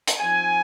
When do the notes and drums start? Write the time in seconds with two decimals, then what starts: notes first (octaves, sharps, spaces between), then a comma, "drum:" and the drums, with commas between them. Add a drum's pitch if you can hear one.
0.08 drum: hi-hat
0.19 F3 C4 D#4 G#5